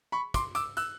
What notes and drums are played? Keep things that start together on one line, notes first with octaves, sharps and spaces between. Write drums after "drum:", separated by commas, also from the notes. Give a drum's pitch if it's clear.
B5 C#6
C6 D6, drum: kick, hi-hat
D6 E6, drum: hi-hat
E6 F#6, drum: hi-hat